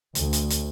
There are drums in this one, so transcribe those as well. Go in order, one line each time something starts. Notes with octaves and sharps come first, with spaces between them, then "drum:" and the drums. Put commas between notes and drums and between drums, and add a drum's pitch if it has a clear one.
D2, drum: hi-hat
drum: hi-hat
drum: hi-hat